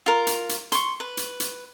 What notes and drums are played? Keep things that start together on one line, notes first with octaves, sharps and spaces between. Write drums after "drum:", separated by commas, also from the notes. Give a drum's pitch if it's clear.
F4 A#4
drum: hi-hat
drum: hi-hat
C6 C#6, drum: hi-hat
B4
drum: hi-hat
drum: hi-hat